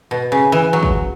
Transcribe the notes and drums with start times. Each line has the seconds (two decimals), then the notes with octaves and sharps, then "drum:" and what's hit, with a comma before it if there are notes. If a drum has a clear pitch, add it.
0.11 B2
0.32 C#3
0.52 E3
0.73 F#3
0.83 drum: kick